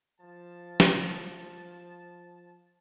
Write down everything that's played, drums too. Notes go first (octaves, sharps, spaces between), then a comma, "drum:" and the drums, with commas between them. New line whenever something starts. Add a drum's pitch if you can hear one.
F3 A5
drum: snare